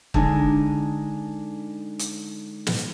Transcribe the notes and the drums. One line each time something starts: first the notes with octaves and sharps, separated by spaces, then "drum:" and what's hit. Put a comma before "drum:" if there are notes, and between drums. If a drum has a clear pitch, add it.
D3 G#3 D4 D#4 G#5, drum: kick
drum: hi-hat
drum: snare